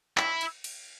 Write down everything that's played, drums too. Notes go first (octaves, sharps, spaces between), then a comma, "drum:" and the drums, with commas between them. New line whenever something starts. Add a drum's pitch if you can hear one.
E4, drum: clap
drum: cymbal
drum: cymbal